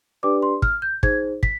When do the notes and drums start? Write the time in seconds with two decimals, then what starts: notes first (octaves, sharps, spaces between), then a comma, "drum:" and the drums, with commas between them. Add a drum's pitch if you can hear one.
0.23 D4 G4 B4 D5 D6
0.42 C6
0.62 F6, drum: kick
0.82 G6
1.03 D#4 G#4 C5 G#6, drum: kick
1.43 B6, drum: kick